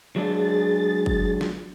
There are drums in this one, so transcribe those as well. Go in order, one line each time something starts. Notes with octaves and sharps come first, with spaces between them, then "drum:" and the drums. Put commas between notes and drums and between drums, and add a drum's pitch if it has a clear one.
F#3 G#3 D4 G#4 A6
drum: kick
drum: snare